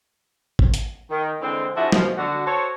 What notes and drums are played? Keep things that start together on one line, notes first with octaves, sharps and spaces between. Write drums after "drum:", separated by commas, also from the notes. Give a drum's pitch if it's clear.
drum: kick G#1
drum: hi-hat
D#3
D3 E3 G#3 C4
F3 D4 E4 F#4 G#4 E5
B2 F3, drum: snare
D3 F#4
F#4 A4 C5 C#5